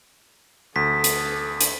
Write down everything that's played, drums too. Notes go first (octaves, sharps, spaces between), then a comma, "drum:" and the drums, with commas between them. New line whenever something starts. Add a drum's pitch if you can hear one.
D2 A4 D#6 B6
drum: hi-hat
drum: hi-hat